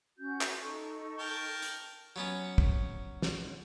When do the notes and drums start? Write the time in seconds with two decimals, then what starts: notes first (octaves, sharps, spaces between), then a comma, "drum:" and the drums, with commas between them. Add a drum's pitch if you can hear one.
0.17 C#4 F#4 G6
0.41 drum: clap
0.59 D#4 A4 C#6
1.19 A#4 G5 A5
1.62 drum: hi-hat
2.16 F#3 B3 C#4
2.58 drum: kick
3.22 drum: snare